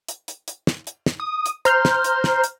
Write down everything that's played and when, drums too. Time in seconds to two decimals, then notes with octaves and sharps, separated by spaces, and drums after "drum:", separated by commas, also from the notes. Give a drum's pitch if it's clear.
0.08 drum: hi-hat
0.28 drum: hi-hat
0.48 drum: hi-hat
0.67 drum: snare
0.87 drum: hi-hat
1.06 drum: snare
1.20 D#6
1.46 drum: hi-hat
1.65 C5 A#5 F6 G6, drum: hi-hat
1.85 drum: snare
2.04 drum: hi-hat
2.24 drum: snare
2.44 drum: hi-hat